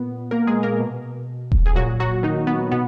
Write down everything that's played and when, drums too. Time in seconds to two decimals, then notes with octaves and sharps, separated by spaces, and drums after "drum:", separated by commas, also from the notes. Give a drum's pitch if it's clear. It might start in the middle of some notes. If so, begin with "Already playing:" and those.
Already playing: A#2 B3
0.31 A#3 A#4
0.47 G#3 G#4
0.63 A#3 A#4
0.80 B2
1.52 drum: kick D#1
1.66 G#4
1.75 A#2 F#3 F#4
2.00 F#3 F#4
2.23 D#3 D#4
2.47 B3
2.72 B2 B3